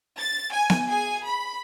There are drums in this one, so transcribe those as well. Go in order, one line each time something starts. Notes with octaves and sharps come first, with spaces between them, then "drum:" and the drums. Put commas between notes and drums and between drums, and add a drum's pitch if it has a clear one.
A6
G#5
drum: snare B3
G#4 G#5
B5